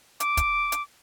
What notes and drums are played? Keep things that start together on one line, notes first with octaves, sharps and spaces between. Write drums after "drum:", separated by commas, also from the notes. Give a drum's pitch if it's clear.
D6, drum: hi-hat
drum: kick, hi-hat
drum: hi-hat